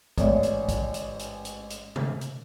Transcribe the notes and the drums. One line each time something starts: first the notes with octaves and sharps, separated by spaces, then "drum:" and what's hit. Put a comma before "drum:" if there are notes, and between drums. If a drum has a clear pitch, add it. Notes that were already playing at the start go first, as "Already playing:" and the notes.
A1 G#2 C#5 D5 E5, drum: kick, hi-hat
drum: hi-hat
drum: kick, hi-hat
drum: hi-hat
drum: hi-hat
drum: hi-hat
drum: hi-hat
drum: tom
drum: hi-hat